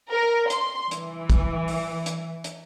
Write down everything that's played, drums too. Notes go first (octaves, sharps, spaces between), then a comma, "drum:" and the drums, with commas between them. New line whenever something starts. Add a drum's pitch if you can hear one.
A#4
C6, drum: hi-hat
E3, drum: hi-hat
drum: kick, hi-hat
drum: open hi-hat
drum: hi-hat
drum: hi-hat